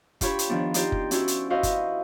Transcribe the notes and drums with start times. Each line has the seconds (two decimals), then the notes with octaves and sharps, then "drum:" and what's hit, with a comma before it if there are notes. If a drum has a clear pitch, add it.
0.21 D4 F4 G4 C5 C#5 B5, drum: kick F#1, hi-hat
0.39 drum: hi-hat
0.49 D#3 F3 B3 D4
0.74 D#4 F4 G4 C5 D5, drum: hi-hat
0.92 drum: kick F#1
1.11 C#4 E4 F#4 C5 D5, drum: hi-hat
1.28 drum: hi-hat
1.50 E4 F#4 B4 C5 D#5 F5
1.63 drum: kick F#1, hi-hat